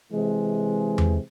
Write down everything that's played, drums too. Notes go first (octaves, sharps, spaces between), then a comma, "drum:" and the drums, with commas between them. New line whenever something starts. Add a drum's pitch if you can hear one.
C3 E3 G#3
drum: tom E2